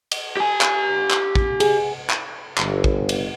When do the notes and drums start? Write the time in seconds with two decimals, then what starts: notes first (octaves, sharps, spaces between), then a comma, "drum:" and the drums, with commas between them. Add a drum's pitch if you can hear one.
0.11 drum: cymbal
0.37 G4 G#5
0.61 drum: clap
1.11 drum: clap
1.35 drum: kick
1.60 G#4, drum: cymbal
2.10 drum: clap
2.58 G1, drum: clap
2.84 drum: kick
3.09 drum: cymbal